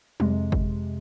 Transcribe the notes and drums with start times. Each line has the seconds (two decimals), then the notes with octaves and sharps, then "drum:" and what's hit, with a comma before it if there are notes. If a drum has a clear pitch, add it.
0.20 F2 C3 G#3, drum: tom F#3
0.52 drum: kick G1